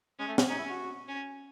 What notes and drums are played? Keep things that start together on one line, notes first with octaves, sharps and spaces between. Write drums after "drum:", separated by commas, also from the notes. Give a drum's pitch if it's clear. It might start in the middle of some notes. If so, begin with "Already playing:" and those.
G#3 C#4
A3
C4, drum: snare
C#4 D#4
E4
F#4
C#4